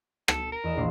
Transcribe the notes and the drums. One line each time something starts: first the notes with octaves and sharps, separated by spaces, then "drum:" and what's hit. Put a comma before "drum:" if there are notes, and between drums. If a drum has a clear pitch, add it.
A4, drum: rim click
A#4
E2 D#5 E7
A#1 C6 D6